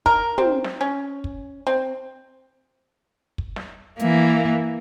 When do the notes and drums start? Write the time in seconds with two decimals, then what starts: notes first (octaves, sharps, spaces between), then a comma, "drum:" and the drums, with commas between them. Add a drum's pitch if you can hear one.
0.06 A#4, drum: kick
0.38 C4, drum: tom
0.64 drum: snare
0.81 C#4
1.24 drum: kick
1.67 C4
3.38 drum: kick
3.56 drum: snare
3.99 E3 A#3, drum: hi-hat